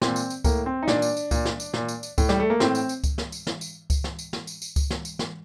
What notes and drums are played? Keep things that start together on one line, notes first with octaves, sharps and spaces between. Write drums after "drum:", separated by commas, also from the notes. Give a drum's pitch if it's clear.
A#2 C4, drum: snare
drum: tambourine
drum: tambourine
A2 A#3, drum: kick C#2, tambourine
C4
D#4
A#2 D4, drum: snare
drum: tambourine
drum: tambourine
A#2, drum: kick C#2, tambourine
drum: snare
drum: tambourine
A#2, drum: snare
drum: tambourine
drum: tambourine
A2, drum: kick C#2, tambourine
G3, drum: snare
A3
A#3
A2 C4, drum: snare
drum: tambourine
drum: tambourine
drum: kick C#2, tambourine
drum: snare
drum: tambourine
drum: snare
drum: tambourine
drum: kick C#2, tambourine
drum: snare
drum: tambourine
drum: snare
drum: tambourine
drum: tambourine
drum: kick C#2, tambourine
drum: snare
drum: tambourine
drum: snare